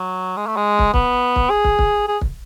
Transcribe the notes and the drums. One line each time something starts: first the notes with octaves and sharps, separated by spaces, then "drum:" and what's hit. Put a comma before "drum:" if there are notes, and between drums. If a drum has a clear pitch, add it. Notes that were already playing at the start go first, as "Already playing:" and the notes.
Already playing: F#3
G#3
A3
G#3
drum: kick
B3, drum: kick
drum: kick
G#4
drum: kick
drum: kick
G#4
drum: kick